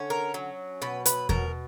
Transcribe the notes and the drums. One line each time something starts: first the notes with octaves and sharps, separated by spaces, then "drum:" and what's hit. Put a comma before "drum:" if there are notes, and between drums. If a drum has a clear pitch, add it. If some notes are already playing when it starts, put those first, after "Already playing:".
Already playing: D3 C#4
A#4
F#3
B2 B4
B4, drum: hi-hat
B2 A#4, drum: kick E2